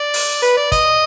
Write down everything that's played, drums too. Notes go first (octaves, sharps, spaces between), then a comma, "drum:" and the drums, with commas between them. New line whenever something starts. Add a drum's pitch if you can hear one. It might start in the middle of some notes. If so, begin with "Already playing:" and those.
Already playing: D5
drum: open hi-hat
B4, drum: hi-hat
D5
D#5, drum: kick, hi-hat